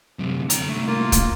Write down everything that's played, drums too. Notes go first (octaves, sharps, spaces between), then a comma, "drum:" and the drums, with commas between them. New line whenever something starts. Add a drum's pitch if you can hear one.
F#2 C3
D3 A#5, drum: hi-hat
C2 A3
A#3 F4
drum: kick, hi-hat